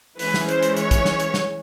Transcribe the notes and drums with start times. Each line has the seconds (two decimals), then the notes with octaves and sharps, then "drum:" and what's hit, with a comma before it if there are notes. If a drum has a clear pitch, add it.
0.19 E3 G#3 C#4 B4, drum: open hi-hat
0.34 drum: snare
0.49 C5, drum: hi-hat
0.63 drum: hi-hat
0.77 C#5, drum: hi-hat
0.91 drum: kick, hi-hat
1.05 drum: snare
1.20 drum: hi-hat
1.34 drum: snare